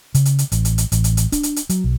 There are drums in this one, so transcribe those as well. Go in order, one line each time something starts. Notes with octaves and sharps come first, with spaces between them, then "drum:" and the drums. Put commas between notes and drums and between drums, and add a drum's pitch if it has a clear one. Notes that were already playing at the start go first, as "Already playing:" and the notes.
C#3, drum: hi-hat
drum: hi-hat
drum: hi-hat
A1, drum: hi-hat
drum: hi-hat
drum: hi-hat
A1, drum: hi-hat
drum: hi-hat
drum: hi-hat
D4, drum: kick C#1, hi-hat
drum: hi-hat
drum: hi-hat
F#3, drum: hi-hat
B1